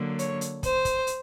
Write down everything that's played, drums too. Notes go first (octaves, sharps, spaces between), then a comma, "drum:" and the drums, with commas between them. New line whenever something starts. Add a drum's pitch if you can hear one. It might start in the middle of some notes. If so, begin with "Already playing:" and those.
Already playing: D3 F#3 A#3
C#5, drum: hi-hat
drum: hi-hat
C5, drum: kick, hi-hat
drum: kick, hi-hat
drum: hi-hat